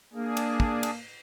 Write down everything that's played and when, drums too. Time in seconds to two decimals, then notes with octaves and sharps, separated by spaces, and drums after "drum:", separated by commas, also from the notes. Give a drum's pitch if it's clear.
0.14 A#3 D4 G#4
0.37 drum: cymbal
0.60 drum: kick
0.83 drum: cymbal